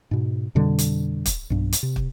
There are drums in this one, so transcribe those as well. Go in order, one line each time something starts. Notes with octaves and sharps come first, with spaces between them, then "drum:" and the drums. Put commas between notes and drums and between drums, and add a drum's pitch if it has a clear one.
G#2 B2
F2 B2 D3 G3
drum: hi-hat
drum: kick, hi-hat
B1 G2
drum: hi-hat
C3
drum: kick